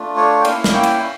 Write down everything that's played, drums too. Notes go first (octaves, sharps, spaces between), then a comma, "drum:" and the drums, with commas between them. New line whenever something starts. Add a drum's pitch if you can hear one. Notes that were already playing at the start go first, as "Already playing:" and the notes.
Already playing: A3 D4 F4
C#5
G5
A#3 C#4 E4 F5, drum: cymbal
drum: snare
G5
drum: cymbal